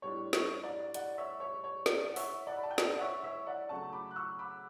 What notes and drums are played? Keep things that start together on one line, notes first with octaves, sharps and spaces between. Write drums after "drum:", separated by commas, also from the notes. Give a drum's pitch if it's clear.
A2 G3 D4 C#5
C#5, drum: snare
D5
D5 F#5, drum: hi-hat
C#5 E5
C#5
C#5
D5, drum: snare
F#5
C#5 E5, drum: open hi-hat
D5 F#5
B5
A5
G5
D5 F#5, drum: snare
F#5
C#5 E5
C#5 E5
D5 F#5
C#3 F#3 A3 C#4 A5 C#6
B5 D6
F#6
C#6 E6
B5 D6